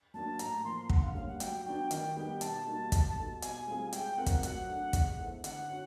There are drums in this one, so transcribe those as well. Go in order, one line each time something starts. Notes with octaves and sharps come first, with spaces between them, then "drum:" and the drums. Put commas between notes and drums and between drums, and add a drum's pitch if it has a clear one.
F#3 A#3 D4 A5
A2 A#5, drum: hi-hat
F3 A#3 C6
D3 F#5, drum: kick
F5
G3 A#3 C#4 F5
F#5
F#3 G5, drum: hi-hat
B3 D4 F#4 G5
D#3 G5, drum: hi-hat
G3 B3 D#4 G4 G5
B2 A5, drum: hi-hat
G3 A#3 D#4 F#4
G3, drum: kick, hi-hat
B3 D#4 F#4 A4
B2 G#5, drum: hi-hat
G3 C4 F4 G#4
G#3 G5, drum: hi-hat
C4 F4 A#4 F#5
drum: kick, hi-hat
F#3 F#5, drum: hi-hat
A3 D4 F#4
G#3, drum: kick, hi-hat
B3 E4 A4 C5
D3 F#5, drum: hi-hat
C#4 F#4